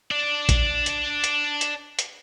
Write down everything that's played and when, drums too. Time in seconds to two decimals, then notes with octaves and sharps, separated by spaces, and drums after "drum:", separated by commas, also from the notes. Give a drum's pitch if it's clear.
0.11 D4 D5
0.49 drum: kick, hi-hat
0.86 drum: hi-hat
1.24 drum: hi-hat
1.61 drum: hi-hat
1.99 drum: hi-hat